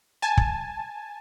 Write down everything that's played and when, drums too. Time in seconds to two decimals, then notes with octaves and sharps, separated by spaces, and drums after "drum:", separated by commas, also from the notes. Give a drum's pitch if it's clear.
0.22 G#5 A5
0.37 drum: kick